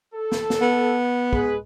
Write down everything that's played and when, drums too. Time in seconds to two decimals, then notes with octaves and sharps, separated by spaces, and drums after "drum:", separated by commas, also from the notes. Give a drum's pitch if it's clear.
0.15 A4
0.32 drum: snare
0.50 drum: snare
0.61 B3
1.33 G#3 G#4 B4, drum: kick